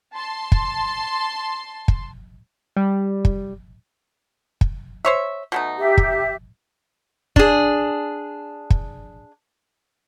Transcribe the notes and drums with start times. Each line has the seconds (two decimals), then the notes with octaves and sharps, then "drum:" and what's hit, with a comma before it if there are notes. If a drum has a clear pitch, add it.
0.15 A5 C6
0.52 drum: kick
1.88 drum: kick
2.76 G3
3.25 drum: kick
4.61 drum: kick
5.05 C5 C#5 E5
5.52 B2 A3 D#4
5.78 G4 E5
5.98 drum: kick
7.36 D4 G#4, drum: kick
8.70 drum: kick